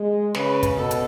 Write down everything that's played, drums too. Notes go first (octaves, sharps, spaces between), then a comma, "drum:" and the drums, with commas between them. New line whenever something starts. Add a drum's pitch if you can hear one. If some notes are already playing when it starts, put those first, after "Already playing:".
Already playing: G#3
C#3 B4, drum: snare
drum: kick, hi-hat
B2 A4
drum: hi-hat